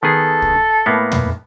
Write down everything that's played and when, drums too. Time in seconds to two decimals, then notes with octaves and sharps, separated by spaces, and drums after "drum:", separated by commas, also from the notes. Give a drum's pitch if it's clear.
0.03 D#3 B3 G#4 A4
0.42 drum: kick
0.86 A2 A#3 B3
1.12 drum: tom